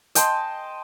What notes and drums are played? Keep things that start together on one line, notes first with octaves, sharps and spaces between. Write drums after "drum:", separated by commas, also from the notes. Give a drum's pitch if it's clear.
D#5 G5 A5 C6, drum: hi-hat